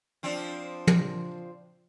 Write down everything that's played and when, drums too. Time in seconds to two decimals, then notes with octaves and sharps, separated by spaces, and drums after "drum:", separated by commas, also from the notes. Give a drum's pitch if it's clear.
0.23 F3 C4 D4
0.87 drum: tom